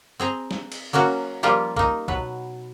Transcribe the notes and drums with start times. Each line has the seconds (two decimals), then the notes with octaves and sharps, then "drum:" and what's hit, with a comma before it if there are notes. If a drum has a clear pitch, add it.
0.20 C4 G#4 A#5
0.51 drum: snare
0.72 drum: cymbal
0.93 F#3 A#3 C#4 F#4
1.43 F3 G3 A#3 F4 G4
1.76 A#3 D#4, drum: kick C2
2.08 B2 F#3 B4, drum: kick C2